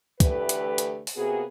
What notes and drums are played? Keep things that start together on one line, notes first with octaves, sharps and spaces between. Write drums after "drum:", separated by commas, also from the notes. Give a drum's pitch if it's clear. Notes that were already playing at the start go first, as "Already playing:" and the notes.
D2 E3 A3 G4 B4, drum: kick, hi-hat
drum: hi-hat
drum: hi-hat
drum: open hi-hat
C3 A#3 B3 F#4 G#4